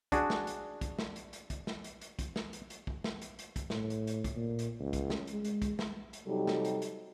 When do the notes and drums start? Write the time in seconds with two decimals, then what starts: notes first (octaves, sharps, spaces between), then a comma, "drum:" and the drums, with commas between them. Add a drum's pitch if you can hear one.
0.12 D4 F#4 G#4, drum: kick, hi-hat
0.30 drum: snare
0.47 drum: hi-hat
0.81 drum: kick, hi-hat
0.99 drum: snare
1.16 drum: hi-hat
1.33 drum: hi-hat
1.50 drum: kick, hi-hat
1.67 drum: snare
1.84 drum: hi-hat
2.01 drum: hi-hat
2.19 drum: kick, hi-hat
2.36 drum: snare
2.53 drum: hi-hat
2.70 drum: hi-hat
2.87 drum: kick
3.04 drum: snare
3.22 drum: hi-hat
3.39 drum: hi-hat
3.56 drum: kick, hi-hat
3.70 A2, drum: snare
3.90 drum: hi-hat
4.07 drum: hi-hat
4.24 drum: kick, hi-hat
4.36 A#2
4.59 drum: hi-hat
4.80 C#2
4.93 drum: kick, hi-hat
5.10 drum: snare
5.27 G#3, drum: hi-hat
5.45 drum: hi-hat
5.62 drum: kick, hi-hat
5.79 drum: snare
6.13 drum: hi-hat
6.27 C3 F#3 G3 D#4 G4 A4
6.47 drum: snare
6.65 drum: hi-hat
6.82 drum: hi-hat